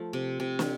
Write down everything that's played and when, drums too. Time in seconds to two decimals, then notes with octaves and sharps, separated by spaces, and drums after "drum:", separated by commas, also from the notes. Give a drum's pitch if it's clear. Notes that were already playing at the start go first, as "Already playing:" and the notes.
Already playing: F3 A3
0.13 C3
0.40 C3
0.59 drum: snare